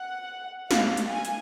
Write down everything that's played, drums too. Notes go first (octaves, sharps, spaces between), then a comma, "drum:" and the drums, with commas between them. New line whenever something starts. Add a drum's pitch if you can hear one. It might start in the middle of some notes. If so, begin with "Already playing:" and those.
Already playing: F#5
F5, drum: snare
drum: hi-hat
G#5
drum: hi-hat